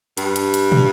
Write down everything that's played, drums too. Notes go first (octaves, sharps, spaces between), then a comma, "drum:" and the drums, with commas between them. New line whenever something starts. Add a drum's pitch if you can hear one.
G2, drum: hi-hat
drum: hi-hat
drum: hi-hat
drum: tom